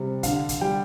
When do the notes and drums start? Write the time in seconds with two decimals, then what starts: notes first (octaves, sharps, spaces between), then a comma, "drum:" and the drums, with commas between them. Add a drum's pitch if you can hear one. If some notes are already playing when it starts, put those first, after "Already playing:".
Already playing: C3 G3
0.23 D3 F5, drum: kick, hi-hat
0.49 drum: kick, hi-hat
0.61 G3 G5